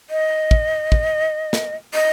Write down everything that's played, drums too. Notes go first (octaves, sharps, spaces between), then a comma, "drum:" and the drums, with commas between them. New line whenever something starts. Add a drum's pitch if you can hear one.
D#5
drum: kick
drum: kick
drum: snare
D#5